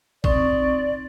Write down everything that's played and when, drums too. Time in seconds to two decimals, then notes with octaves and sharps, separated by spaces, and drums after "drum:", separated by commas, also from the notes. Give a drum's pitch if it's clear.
0.24 C4 D#4 D5 C#6, drum: kick